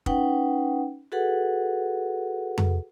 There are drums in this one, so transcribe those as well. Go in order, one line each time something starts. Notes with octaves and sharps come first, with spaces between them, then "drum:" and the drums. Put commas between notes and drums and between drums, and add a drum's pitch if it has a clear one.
C#4 D#4 B4 F#5 G5, drum: kick
F#4 G#4 A4 B4 F#5
drum: tom F2